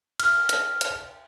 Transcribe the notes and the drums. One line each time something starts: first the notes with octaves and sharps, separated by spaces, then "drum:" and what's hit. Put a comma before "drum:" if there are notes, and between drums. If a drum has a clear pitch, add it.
F6, drum: cymbal
drum: hi-hat
drum: hi-hat